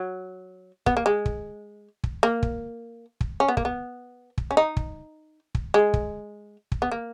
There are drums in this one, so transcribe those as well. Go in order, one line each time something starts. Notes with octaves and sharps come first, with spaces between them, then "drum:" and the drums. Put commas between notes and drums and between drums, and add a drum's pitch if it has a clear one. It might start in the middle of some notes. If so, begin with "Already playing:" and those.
Already playing: F#3
B3, drum: kick
A#3
G#3
drum: kick
drum: kick
A#3
drum: kick
drum: kick
C#4
B3
A#3, drum: kick
B3
drum: kick
C#4
D#4
drum: kick
drum: kick
G#3
drum: kick
drum: kick
B3
A#3